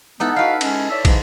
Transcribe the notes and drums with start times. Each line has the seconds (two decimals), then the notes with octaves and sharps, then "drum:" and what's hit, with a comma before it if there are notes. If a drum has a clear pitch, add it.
0.20 E3 G#3 B3 D#4 A4 F#5
0.36 D#4 E4 F#4 B4 F5
0.61 G#3 C#4, drum: cymbal
0.90 C#5 D5 E5
1.05 G#2 C#3 E3, drum: kick, cymbal